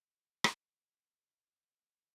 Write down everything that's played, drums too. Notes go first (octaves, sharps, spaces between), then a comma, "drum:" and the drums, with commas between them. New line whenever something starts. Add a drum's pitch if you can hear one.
E2
drum: rim click
A2
D#3 F4 C#5 B6 C7
A3